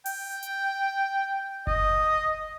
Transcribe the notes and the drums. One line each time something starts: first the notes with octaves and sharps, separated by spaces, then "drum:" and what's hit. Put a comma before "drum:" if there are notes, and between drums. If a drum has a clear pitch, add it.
G5, drum: open hi-hat
drum: hi-hat
D#5, drum: kick F#1